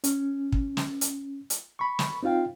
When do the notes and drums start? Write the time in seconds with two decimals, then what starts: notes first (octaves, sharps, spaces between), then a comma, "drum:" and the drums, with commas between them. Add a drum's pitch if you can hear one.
0.04 C#4, drum: hi-hat
0.52 drum: kick
0.77 drum: snare
1.01 drum: hi-hat
1.50 drum: hi-hat
1.79 B5 C#6
1.99 drum: snare
2.23 C4 D#4 F4 F5 G5